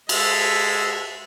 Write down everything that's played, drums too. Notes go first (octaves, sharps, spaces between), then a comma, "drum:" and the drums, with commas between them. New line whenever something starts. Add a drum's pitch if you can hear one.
G#3 A4 E5, drum: cymbal